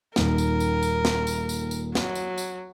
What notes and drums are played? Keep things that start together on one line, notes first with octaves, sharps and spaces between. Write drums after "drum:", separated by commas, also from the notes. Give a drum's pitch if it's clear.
D#1 D#2 D#4 A#4, drum: snare
drum: tambourine
drum: tambourine
drum: tambourine
drum: snare
drum: tambourine
drum: tambourine
drum: tambourine
F#3, drum: snare
drum: tambourine
drum: tambourine